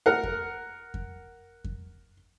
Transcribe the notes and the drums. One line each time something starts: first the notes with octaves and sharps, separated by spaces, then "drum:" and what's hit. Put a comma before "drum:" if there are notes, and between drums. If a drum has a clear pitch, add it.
A#4 F#5
drum: kick F2
drum: kick F2
drum: kick F2